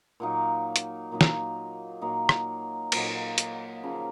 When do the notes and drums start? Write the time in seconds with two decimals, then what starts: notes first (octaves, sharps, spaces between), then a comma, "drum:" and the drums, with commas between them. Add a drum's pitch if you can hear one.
0.20 A#2 F#3 A#3 D#4
0.76 drum: hi-hat
1.11 A#2 F#3 A#3 D#4
1.21 drum: snare
2.01 A#2 F#3 A#3 D#4
2.29 drum: rim click
2.92 A#2 F#3 A#3 D#4, drum: cymbal
3.38 drum: hi-hat
3.83 C#3 F3 A#3